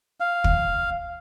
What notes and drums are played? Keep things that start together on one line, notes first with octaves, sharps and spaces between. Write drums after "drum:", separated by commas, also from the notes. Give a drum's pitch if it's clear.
F5
drum: kick